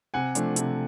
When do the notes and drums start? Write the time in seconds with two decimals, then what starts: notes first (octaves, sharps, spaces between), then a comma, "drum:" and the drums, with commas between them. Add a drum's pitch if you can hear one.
0.14 C3 F#5 G#5
0.35 F3 A3 D4, drum: hi-hat
0.56 C3, drum: hi-hat